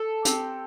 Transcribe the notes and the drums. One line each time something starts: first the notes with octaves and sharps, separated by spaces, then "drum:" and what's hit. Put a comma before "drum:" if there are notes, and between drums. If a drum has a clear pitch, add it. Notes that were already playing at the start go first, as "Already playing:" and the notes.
Already playing: A4
C4 G4, drum: hi-hat